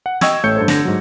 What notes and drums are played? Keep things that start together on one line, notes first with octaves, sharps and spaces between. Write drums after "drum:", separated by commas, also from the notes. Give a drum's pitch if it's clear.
F#5
D#5 G5 C#6 E6 G#6, drum: snare
A1 A3 C#5 G6 C#7
G2 A4 C5
D3 A#6, drum: snare
G#2 F#3